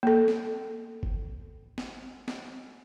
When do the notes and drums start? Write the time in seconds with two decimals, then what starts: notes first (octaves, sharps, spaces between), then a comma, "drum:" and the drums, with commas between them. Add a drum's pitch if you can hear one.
0.03 A#3 A4
0.28 drum: snare
1.03 drum: kick G1
1.78 drum: snare
2.28 drum: snare